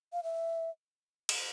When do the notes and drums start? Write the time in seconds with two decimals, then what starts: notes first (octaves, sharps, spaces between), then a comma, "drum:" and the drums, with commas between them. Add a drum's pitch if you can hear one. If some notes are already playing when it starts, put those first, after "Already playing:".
0.13 F5
0.24 E5
1.29 drum: cymbal